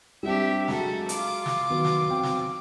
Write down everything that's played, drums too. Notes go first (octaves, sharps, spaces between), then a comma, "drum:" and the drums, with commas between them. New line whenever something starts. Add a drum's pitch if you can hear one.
G3 C4 D4 G4 E5
F#3 G#3 F#4 A4 A#5, drum: snare
F4 D6, drum: hi-hat
drum: snare
D#3 F#3 B3
drum: snare
F#3 C4 G5
drum: snare